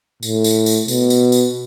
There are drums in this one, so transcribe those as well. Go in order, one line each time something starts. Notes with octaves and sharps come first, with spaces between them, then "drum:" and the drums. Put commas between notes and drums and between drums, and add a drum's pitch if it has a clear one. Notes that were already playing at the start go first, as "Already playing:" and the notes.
A2, drum: tambourine
drum: tambourine
drum: tambourine
B2, drum: tambourine
drum: tambourine
drum: tambourine